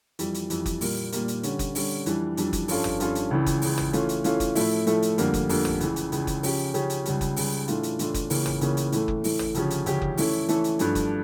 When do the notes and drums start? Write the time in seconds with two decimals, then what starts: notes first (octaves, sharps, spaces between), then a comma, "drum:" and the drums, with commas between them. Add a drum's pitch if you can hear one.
0.19 F2 E3 G3, drum: hi-hat
0.34 drum: hi-hat
0.50 F2 E3 G3, drum: hi-hat
0.66 drum: kick F#1, hi-hat
0.81 A#2 G3 A#3, drum: open hi-hat
1.12 A#2 G3 A#3, drum: hi-hat
1.28 drum: hi-hat
1.43 D3 G3 C#4, drum: hi-hat
1.59 drum: kick F#1, hi-hat
1.75 D3 G3 C#4, drum: open hi-hat
2.06 F2 E3 G3 D4, drum: hi-hat
2.37 F2 E3 G3 D4, drum: hi-hat
2.53 drum: kick F#1, hi-hat
2.68 G2 F3 C#4 F4 A4, drum: open hi-hat
2.84 drum: tom
3.00 G2 F3 C#4 F4 A4, drum: hi-hat
3.15 drum: hi-hat
3.31 C#2 C#3 E3
3.46 drum: kick F#1, hi-hat
3.62 C#2 C#3 E3, drum: open hi-hat
3.78 drum: tom
3.93 E3 A3 C#4 F4, drum: hi-hat
4.09 drum: hi-hat
4.24 E3 A3 C#4 F4, drum: hi-hat
4.40 drum: kick F#1, hi-hat
4.55 A2 F3 A3 E4, drum: open hi-hat
4.87 A2 F3 A3 E4, drum: hi-hat
5.02 drum: hi-hat
5.18 F2 D3 G3 A#3, drum: hi-hat
5.34 drum: kick F#1, hi-hat
5.49 F2 D3 G3 A#3, drum: open hi-hat
5.65 drum: tom
5.80 C#2 C#3 E3, drum: hi-hat
5.96 drum: hi-hat
6.12 C#2 C#3 E3, drum: hi-hat
6.27 drum: kick F#1, hi-hat
6.43 C#3 F3 C#4 G4, drum: open hi-hat
6.74 C#3 F3 C#4 G4, drum: hi-hat
6.90 drum: hi-hat
7.05 C#2 C#3 G3, drum: hi-hat
7.21 drum: kick F#1, hi-hat
7.36 C#2 C#3 G3, drum: open hi-hat
7.68 A2 E3 A3 D4 F4, drum: hi-hat
7.83 drum: hi-hat
7.99 A2 E3 A3 D4 F4, drum: hi-hat
8.14 drum: kick F#1, hi-hat
8.30 C#2 C#3 E3 A#3 C#4, drum: open hi-hat
8.46 drum: tom
8.61 C#2 C#3 E3 A#3 C#4, drum: hi-hat
8.77 drum: hi-hat
8.92 A2 E3 A3, drum: hi-hat
9.08 drum: kick F#1
9.24 A2 E3 A3, drum: open hi-hat
9.39 drum: tom
9.54 D2 C#3 F3 C#4 G4, drum: hi-hat
9.70 drum: hi-hat
9.86 D2 C#3 F3 C#4 G4, drum: hi-hat
10.02 drum: kick F#1
10.17 E3 A3 C#4 E4 A4, drum: open hi-hat
10.48 E3 A3 C#4 E4 A4, drum: hi-hat
10.64 drum: hi-hat
10.79 G2 F3 A3 D4, drum: hi-hat
10.95 drum: kick F#1, hi-hat